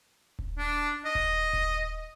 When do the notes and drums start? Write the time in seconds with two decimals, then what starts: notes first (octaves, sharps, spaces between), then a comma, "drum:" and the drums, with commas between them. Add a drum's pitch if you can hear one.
0.39 drum: kick D#1
0.58 D4
1.05 D#5
1.15 drum: kick D#1
1.53 drum: kick D#1